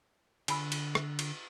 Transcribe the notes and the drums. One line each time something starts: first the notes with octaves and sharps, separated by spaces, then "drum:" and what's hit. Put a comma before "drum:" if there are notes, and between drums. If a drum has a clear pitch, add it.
D3 G#5 B5 E6, drum: cymbal
drum: cymbal
drum: rim click
drum: cymbal